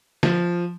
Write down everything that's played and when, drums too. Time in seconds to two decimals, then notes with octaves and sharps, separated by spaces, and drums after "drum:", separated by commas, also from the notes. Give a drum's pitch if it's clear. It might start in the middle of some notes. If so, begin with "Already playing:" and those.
0.23 F3, drum: snare